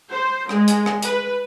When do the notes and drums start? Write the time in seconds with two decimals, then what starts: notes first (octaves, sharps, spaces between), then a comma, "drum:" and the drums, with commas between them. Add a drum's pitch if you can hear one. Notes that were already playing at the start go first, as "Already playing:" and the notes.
0.11 C5
0.49 G#3, drum: rim click
0.68 drum: hi-hat
0.86 drum: rim click
1.03 B4, drum: hi-hat